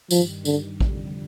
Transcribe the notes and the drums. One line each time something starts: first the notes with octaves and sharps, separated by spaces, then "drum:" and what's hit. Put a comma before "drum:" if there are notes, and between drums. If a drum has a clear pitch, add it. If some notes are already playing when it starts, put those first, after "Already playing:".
G2 D#3 F3 G3, drum: tambourine
D3, drum: tambourine
F2 D3 G3, drum: kick A1